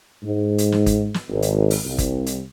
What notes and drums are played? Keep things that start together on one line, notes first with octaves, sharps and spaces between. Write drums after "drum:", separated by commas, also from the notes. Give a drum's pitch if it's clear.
G#2
drum: hi-hat
drum: snare
drum: kick, hi-hat
drum: snare
G#1
drum: hi-hat
drum: open hi-hat
C2
drum: kick, hi-hat
drum: hi-hat